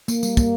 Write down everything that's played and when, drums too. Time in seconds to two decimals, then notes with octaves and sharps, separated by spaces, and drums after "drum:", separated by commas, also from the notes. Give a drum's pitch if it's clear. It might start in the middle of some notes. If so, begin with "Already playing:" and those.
0.08 A#3, drum: tambourine
0.23 G3, drum: tambourine
0.37 A#3, drum: kick, tambourine